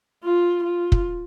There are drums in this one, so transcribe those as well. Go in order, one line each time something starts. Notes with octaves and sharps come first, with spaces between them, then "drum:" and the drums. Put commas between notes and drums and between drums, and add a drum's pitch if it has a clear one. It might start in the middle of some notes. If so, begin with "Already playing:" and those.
F4
F4
drum: kick